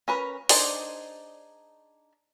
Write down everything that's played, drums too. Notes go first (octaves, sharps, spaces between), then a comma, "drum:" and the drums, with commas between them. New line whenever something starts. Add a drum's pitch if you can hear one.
C#4 A#4 B4
D4 D#4 G#4 C5 D5, drum: open hi-hat